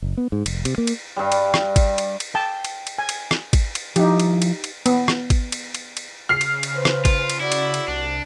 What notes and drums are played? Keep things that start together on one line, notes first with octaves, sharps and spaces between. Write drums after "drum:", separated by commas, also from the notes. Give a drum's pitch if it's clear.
F#1
B3
G#2
F1, drum: cymbal
C3, drum: cymbal
A#3
drum: cymbal
G2 G3
drum: cymbal
drum: rim click
drum: kick G#1, cymbal
drum: cymbal
drum: cymbal
G5 A5
drum: cymbal
drum: cymbal
G#5
drum: cymbal
drum: rim click
drum: kick G#1, cymbal
drum: cymbal
F3 D#4 E4 G4, drum: cymbal
drum: cymbal
drum: cymbal
drum: cymbal
B3, drum: cymbal
drum: rim click
drum: kick G#1, cymbal
drum: cymbal
drum: cymbal
drum: cymbal
C#3 F6 C7
drum: cymbal
drum: cymbal
B4 C5
drum: rim click
F4, drum: kick G#1, cymbal
drum: cymbal
E4 F#4 D5
drum: cymbal
drum: cymbal
C2 D4